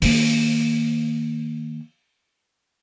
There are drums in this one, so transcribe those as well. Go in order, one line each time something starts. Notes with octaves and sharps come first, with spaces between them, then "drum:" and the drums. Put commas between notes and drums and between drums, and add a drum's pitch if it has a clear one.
D#3 A#3, drum: open hi-hat